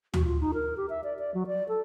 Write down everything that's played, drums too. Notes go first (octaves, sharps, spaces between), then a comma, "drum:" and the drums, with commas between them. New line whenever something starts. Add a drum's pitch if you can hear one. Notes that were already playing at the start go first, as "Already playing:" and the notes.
F#4, drum: tom
F4
D#4
A#4
G4
E5
D5
D5
F#3
D5
A4